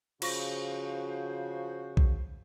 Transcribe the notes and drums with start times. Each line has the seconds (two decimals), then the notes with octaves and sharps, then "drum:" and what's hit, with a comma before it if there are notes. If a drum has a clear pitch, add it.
0.22 C#3 F3 F4 F#4 C5 C#6 A#6, drum: cymbal
1.97 drum: kick B1